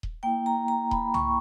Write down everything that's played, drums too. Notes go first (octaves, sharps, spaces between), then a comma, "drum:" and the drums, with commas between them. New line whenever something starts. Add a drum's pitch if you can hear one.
drum: kick D#1
A#3 E4 G5
A#5
A#5
B5, drum: kick D#1
C#6, drum: tom C2